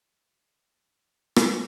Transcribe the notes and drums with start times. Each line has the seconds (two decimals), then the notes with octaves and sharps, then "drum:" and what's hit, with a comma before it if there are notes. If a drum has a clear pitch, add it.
0.17 G#4
0.57 G4
0.97 G#4
1.36 drum: rim click